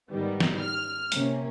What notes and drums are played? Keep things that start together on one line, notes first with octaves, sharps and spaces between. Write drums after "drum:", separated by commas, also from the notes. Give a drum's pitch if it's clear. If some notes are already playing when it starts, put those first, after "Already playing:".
G#2 D#3 G3 B3
drum: snare
F6
C3 A#3 C#4, drum: hi-hat